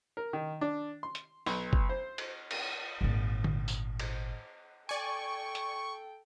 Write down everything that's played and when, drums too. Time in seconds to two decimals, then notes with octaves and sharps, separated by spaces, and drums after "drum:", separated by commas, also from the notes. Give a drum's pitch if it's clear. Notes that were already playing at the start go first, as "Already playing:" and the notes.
0.17 A#4
0.33 D#3
0.61 D4
1.03 C6
1.15 drum: hi-hat
1.46 B1, drum: open hi-hat
1.73 drum: kick F#1
1.89 C5
2.18 drum: cymbal
2.51 drum: cymbal
3.01 G#1 A#2
3.44 drum: tom D3
3.68 drum: tambourine
3.99 drum: cymbal
4.89 A4 D5 G5 G#5 C#6
5.55 drum: hi-hat